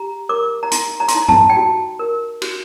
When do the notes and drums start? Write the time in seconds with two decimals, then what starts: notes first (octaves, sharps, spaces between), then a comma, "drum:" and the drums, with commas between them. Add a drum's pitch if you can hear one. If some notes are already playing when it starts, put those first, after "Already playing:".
Already playing: G4 A#5
0.29 A#4 D6
0.63 A#5
0.71 D#4 C6, drum: hi-hat
1.00 A#5
1.08 C6, drum: hi-hat
1.15 D#4 A#5
1.28 A5, drum: tom G2
1.50 G5
1.57 F#4 A5
1.99 A#4
2.42 F#4, drum: cymbal